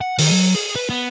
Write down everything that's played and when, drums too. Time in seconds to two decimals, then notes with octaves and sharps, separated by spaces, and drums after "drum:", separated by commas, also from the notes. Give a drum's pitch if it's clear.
0.01 F#5
0.19 D#3, drum: open hi-hat
0.31 F#3
0.55 G#4
0.76 B4
0.90 B3